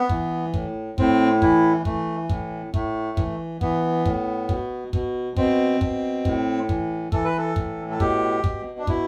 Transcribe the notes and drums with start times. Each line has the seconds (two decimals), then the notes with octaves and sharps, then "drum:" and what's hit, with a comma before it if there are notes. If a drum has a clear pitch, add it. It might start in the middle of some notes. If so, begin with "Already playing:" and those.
Already playing: B3
0.09 E3, drum: kick
0.54 A2, drum: kick
0.98 A2 C4, drum: kick
1.42 E3 E4, drum: kick
1.85 E3 A3, drum: kick
2.29 A2, drum: kick
2.74 A2 A3, drum: kick
3.17 E3, drum: kick
3.61 E3 B3, drum: kick
4.06 A2, drum: kick
4.49 B2, drum: kick
4.93 B2, drum: kick
5.37 B2 C4, drum: kick
5.81 B2, drum: kick
6.25 A2, drum: kick
6.69 E3, drum: kick
7.12 E3 A4, drum: kick
7.25 B4
7.38 A4
7.56 A2, drum: kick
7.91 A4
8.00 B2 G4, drum: kick
8.44 B2, drum: kick
8.79 D4
8.87 B2 E4, drum: kick